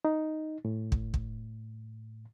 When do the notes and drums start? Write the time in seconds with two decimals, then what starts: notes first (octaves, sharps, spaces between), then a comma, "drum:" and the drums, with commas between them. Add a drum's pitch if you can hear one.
0.05 D#4
0.65 A2
0.92 drum: kick
1.14 drum: kick